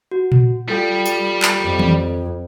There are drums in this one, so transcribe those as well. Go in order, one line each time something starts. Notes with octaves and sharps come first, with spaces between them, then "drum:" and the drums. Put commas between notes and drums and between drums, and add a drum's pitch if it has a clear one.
F#4
drum: tom A#2
G3 F4 A4 G5
drum: tambourine
drum: clap
F2
drum: tom D#3